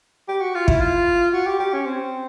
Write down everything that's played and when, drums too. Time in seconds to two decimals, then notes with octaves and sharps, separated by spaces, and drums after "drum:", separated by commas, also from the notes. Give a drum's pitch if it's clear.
0.28 G4
0.41 F#4
0.55 F4
0.68 E4, drum: kick
0.81 F4
1.33 F#4
1.47 G4
1.59 G4
1.73 C#4
1.86 C4